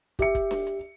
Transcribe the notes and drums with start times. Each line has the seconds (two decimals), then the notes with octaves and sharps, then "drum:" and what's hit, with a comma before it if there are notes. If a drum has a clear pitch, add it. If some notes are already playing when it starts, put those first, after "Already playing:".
0.19 G4 E5 C#7, drum: kick, hi-hat
0.35 drum: kick, hi-hat
0.51 drum: snare D4
0.67 drum: hi-hat